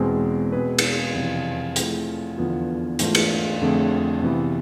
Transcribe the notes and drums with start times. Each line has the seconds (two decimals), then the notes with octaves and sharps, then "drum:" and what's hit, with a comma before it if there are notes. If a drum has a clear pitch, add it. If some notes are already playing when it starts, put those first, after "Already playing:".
Already playing: E2 B2 G#3 C4 G#4
0.52 B2 G#3 C4 G#4 B4
0.79 drum: cymbal
1.15 F2 C3 E3
1.76 F3 A3 C4 E4 G#4, drum: hi-hat
2.37 E2 D3 F3 B3 F4
2.99 G#2 E3 A3 D4 F4, drum: hi-hat
3.15 drum: cymbal
3.61 F2 D3 A3 C4 G#4
4.23 C3 E3 B3 E4